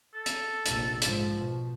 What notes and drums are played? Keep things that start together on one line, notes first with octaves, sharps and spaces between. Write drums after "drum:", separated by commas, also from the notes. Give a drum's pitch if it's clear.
A4
drum: hi-hat
F1 A#1, drum: hi-hat
G#2 F3, drum: hi-hat
B2